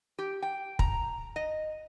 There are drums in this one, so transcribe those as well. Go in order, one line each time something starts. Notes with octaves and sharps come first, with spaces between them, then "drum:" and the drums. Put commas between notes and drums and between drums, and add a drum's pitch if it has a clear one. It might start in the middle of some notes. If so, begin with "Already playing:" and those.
G4
G5
A#5, drum: kick
D#5